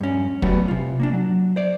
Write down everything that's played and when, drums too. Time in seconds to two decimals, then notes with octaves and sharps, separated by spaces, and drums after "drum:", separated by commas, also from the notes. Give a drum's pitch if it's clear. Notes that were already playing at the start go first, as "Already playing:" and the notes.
0.01 G2 C#4
0.42 F#3 G3 A3 B3 F#4, drum: kick
0.68 C3 F4
1.00 A#3 C#4 D4
1.13 F#3
1.56 C5 D5